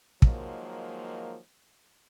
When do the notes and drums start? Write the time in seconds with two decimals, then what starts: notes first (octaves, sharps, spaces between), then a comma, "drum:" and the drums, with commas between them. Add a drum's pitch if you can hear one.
0.22 D#3 F3 F#3 G#3 A#3, drum: kick